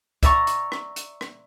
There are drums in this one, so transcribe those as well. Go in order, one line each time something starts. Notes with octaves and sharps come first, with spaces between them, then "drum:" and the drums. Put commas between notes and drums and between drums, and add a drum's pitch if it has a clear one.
D5 E5 A#5 C#6, drum: kick, hi-hat
drum: hi-hat
drum: rim click
drum: hi-hat
drum: rim click